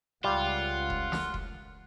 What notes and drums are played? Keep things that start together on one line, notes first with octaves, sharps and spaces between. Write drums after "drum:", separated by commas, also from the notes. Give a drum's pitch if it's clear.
C#2 G3 F4 F#5
drum: kick E1
drum: snare
drum: kick E1